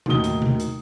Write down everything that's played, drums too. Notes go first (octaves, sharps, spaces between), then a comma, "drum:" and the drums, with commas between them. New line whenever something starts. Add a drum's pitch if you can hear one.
D#2 A2 D#3 F#3 D#6 G7, drum: tom B2
drum: hi-hat
drum: tom B2
drum: hi-hat